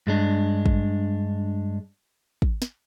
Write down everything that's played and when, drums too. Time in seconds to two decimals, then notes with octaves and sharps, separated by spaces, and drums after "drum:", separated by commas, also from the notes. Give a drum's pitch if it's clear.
0.07 G2 G#3 D4
0.66 drum: kick
2.42 drum: kick
2.62 drum: snare